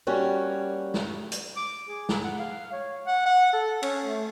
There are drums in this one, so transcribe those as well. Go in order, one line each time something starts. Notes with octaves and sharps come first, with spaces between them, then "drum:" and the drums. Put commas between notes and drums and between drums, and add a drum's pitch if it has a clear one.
G3 A#3 C#4 F#4
drum: snare
drum: hi-hat
D6
G#4
drum: snare
F#5
F5
C#5
F#5
F#5
A4
C#4, drum: cymbal
A3